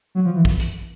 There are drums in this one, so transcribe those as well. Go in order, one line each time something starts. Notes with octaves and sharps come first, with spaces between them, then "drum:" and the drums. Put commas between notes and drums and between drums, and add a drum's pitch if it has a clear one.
F#3
F3
E3
drum: kick
drum: hi-hat